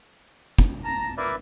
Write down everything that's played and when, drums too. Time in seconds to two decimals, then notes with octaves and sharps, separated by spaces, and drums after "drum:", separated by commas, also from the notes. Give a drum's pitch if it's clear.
0.59 drum: kick
0.85 A5 A#5
1.18 A#2 A#3 B4 D5 E5